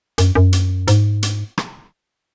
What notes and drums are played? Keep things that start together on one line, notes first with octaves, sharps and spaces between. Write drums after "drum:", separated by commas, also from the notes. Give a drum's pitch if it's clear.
F#2, drum: hi-hat
F#2
drum: hi-hat
G#2, drum: hi-hat
drum: hi-hat
drum: rim click